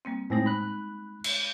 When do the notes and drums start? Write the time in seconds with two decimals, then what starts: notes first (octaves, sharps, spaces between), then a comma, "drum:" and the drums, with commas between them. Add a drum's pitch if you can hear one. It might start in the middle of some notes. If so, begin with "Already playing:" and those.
0.05 G3 A#3 C4
0.30 A2 G#3 C4 D#4 A#6
0.46 B5 F#6
1.24 drum: cymbal